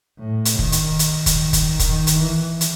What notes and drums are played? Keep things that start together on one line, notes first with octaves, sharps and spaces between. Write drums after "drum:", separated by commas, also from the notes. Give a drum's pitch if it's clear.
A2
drum: hi-hat
D#3, drum: kick
drum: hi-hat
drum: hi-hat
drum: kick, hi-hat
drum: kick, hi-hat
D#3, drum: kick, hi-hat
drum: hi-hat
E3
drum: hi-hat